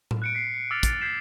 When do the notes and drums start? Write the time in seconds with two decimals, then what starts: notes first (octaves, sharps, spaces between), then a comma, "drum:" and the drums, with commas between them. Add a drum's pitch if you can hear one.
0.11 drum: tom A2
0.22 F#6 C#7 D7
0.35 B6 C7
0.54 C#7
0.71 D6 E6 F6 A6 B6 F7
0.83 A6, drum: kick, hi-hat
1.01 G6 G#6 B6 C7 E7